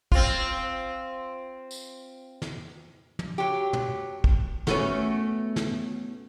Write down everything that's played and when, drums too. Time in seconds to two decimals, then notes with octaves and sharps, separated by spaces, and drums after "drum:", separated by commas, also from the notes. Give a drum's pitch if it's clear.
0.12 C4 F4, drum: kick
1.71 drum: tambourine
2.42 drum: snare
3.19 drum: tom
3.38 F#3 G4
3.73 drum: tom
4.24 drum: kick
4.67 A3 B3 C#4 F#4, drum: snare
5.56 drum: snare